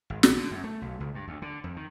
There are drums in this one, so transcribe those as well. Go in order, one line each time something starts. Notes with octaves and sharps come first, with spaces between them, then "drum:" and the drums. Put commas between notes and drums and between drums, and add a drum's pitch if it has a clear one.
G#1
A#1, drum: snare
D3
F#2
A3
B1
C#2
G2
D2
D3
F2
D#3